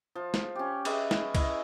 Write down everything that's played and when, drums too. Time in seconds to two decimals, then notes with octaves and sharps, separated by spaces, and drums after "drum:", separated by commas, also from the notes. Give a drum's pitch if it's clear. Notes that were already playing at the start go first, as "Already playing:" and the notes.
0.15 F3
0.34 drum: snare
0.56 C#4 G4
0.85 G#4 B4 D#5 E5, drum: cymbal
1.11 drum: snare
1.35 E4 D#5, drum: kick C2, cymbal